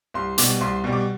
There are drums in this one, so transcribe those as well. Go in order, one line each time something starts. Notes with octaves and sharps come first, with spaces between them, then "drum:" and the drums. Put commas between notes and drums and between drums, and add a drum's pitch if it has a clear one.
C2 C6
B2 G3 D6, drum: hi-hat
C2 C6
B2 G3
D6